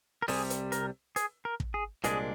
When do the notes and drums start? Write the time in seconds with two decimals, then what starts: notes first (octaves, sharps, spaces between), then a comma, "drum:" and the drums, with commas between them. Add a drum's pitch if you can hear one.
0.22 A#4
0.28 C2 C3 G3 G#4, drum: open hi-hat
0.50 drum: hi-hat
0.72 A#4, drum: hi-hat
1.16 G#4, drum: hi-hat
1.45 A#4
1.60 drum: kick
1.74 G#4
2.04 C2 A#2 G#3 D4 G#4, drum: hi-hat